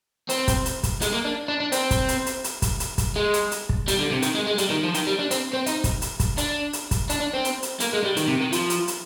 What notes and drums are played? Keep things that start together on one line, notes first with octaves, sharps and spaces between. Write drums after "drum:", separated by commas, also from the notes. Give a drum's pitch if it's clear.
C4, drum: hi-hat
drum: kick, hi-hat
drum: hi-hat
drum: kick, hi-hat
G#3, drum: hi-hat
A#3
D4
D4
D4
C4, drum: hi-hat
drum: kick, hi-hat
drum: hi-hat
drum: hi-hat
drum: hi-hat
drum: kick, hi-hat
drum: hi-hat
drum: kick, hi-hat
G#3
drum: hi-hat
drum: hi-hat
drum: kick
G3, drum: hi-hat
D3
C3
D#3, drum: hi-hat
G#3
G#3
G3, drum: hi-hat
D#3
F3
D#3, drum: hi-hat
G3
D4
C4, drum: hi-hat
C4
D#4, drum: hi-hat
drum: kick, hi-hat
drum: hi-hat
drum: kick, hi-hat
D4, drum: hi-hat
drum: hi-hat
drum: kick, hi-hat
D4, drum: hi-hat
D4
C4
drum: hi-hat
drum: hi-hat
A#3, drum: hi-hat
G#3
G3
D#3, drum: hi-hat
C3
D#3
F3, drum: hi-hat
drum: hi-hat
drum: hi-hat